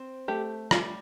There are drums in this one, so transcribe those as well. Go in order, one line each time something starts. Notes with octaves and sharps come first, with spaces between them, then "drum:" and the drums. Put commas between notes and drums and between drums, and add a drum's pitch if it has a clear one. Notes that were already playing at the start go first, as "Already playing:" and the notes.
Already playing: C4
A3 G4
G3 F4, drum: rim click